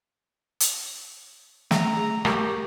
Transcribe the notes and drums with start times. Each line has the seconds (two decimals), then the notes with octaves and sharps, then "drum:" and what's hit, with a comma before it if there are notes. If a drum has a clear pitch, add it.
0.60 drum: hi-hat
1.71 A3 A#5 E6, drum: snare
1.97 G#4
2.25 A3 G4 A#4 A#5 C#6, drum: rim click